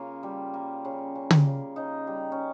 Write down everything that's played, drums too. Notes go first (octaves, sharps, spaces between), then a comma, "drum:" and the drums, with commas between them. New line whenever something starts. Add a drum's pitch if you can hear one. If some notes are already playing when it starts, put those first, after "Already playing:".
Already playing: C#3 A#3 F4
G3
A#3
C#3
C#3
drum: tom
C#3
C#3 D#4
G3
C#4